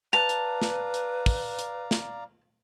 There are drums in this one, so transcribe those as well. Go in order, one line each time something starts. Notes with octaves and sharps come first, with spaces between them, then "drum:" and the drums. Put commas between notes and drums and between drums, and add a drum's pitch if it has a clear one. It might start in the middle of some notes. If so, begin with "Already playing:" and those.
B4 D5 F5 A5 A#5 F7
drum: hi-hat
drum: snare
drum: hi-hat
drum: kick, open hi-hat
drum: hi-hat
drum: snare